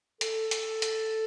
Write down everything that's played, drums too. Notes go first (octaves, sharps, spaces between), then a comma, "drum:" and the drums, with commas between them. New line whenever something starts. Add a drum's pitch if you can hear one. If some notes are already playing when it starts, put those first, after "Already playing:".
A4, drum: hi-hat
drum: hi-hat
drum: hi-hat